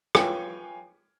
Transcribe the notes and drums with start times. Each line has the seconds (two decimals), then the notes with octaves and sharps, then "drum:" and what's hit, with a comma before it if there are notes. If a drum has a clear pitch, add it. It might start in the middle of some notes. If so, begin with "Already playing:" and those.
0.15 F4 B4 C#5 G5 G#5, drum: rim click